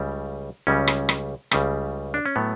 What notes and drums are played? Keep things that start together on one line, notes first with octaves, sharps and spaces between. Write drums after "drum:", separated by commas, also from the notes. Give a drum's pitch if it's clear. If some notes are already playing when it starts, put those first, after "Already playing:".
Already playing: C#2 C#3 G3
C#2 C#3 G3 C#4
drum: rim click
drum: rim click
C#2 C#3 G3, drum: rim click
D4
C#4
A2 F#3 A3 B3